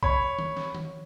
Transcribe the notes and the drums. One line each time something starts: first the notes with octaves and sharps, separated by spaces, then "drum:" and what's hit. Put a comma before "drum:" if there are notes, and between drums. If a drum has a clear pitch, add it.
C#5 B5, drum: kick
drum: tom
drum: snare
drum: tom D#3